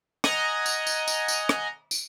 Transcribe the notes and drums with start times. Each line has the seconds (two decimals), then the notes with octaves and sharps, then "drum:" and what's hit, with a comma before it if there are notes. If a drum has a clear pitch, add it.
0.24 D#5 F#5 G#5 A#5, drum: rim click
0.66 drum: tambourine
0.87 drum: tambourine
1.08 drum: tambourine
1.28 drum: tambourine
1.49 drum: rim click
1.91 drum: tambourine